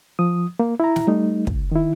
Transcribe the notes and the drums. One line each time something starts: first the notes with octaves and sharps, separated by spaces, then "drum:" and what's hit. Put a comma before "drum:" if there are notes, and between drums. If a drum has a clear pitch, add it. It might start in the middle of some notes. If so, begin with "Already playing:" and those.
F3 D#6
A#3
E4 A#5
drum: snare
G3 A3 D#4
C#2, drum: kick
D#3 E4